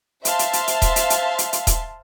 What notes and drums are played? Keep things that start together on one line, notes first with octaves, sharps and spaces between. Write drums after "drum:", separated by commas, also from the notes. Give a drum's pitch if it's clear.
C5 E5 F5 A5 C6, drum: hi-hat
drum: hi-hat
drum: hi-hat
drum: hi-hat
drum: kick D#1, hi-hat
drum: hi-hat
drum: hi-hat
drum: hi-hat
drum: hi-hat
drum: kick D#1, hi-hat